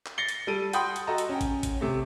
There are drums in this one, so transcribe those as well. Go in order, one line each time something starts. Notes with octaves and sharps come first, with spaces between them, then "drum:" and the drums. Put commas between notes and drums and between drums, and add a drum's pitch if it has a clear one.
drum: clap
A6 A#6 C7 C#7 G7
drum: hi-hat
G3 A4 D7 D#7
F#5 G5 B5 C6 D#6, drum: hi-hat
drum: hi-hat
F#4 A4 D#5 A5 A#5
drum: hi-hat
C#4 G5
drum: kick, hi-hat
drum: kick, hi-hat
C3 A3